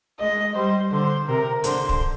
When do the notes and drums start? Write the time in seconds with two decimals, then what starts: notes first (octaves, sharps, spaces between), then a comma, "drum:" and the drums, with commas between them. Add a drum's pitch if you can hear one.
0.20 G#3 D#5
0.56 G3 C5
0.92 D3 C5
1.28 C3 A#4
1.64 D3 C5, drum: hi-hat
1.89 drum: kick